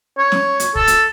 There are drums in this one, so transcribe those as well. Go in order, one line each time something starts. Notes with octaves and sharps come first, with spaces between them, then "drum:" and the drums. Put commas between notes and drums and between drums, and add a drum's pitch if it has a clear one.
C#5
drum: snare
drum: hi-hat
A4, drum: kick
drum: hi-hat